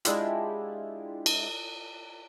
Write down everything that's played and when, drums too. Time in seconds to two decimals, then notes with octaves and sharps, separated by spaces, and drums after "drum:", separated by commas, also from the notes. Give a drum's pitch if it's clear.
0.05 G#3 D4 E4 F4 G4, drum: hi-hat
1.26 drum: cymbal